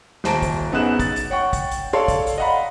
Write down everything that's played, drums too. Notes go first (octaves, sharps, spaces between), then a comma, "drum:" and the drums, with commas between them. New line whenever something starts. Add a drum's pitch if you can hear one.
D#1 C5 A5 A#5 D7, drum: snare
drum: kick, hi-hat
F#2 B3 D#4 G#4 F#6 E7
A6, drum: kick, hi-hat
drum: hi-hat
C#5 F#5 G5 C#6
drum: kick, hi-hat
drum: hi-hat
A4 C#5 D5 F5 C6
drum: kick, hi-hat
drum: hi-hat
D#5 F5 F#5 A#5 B5